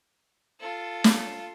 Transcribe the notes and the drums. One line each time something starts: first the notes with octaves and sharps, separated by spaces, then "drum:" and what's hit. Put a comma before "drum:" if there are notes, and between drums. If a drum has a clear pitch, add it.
F4 A4
drum: snare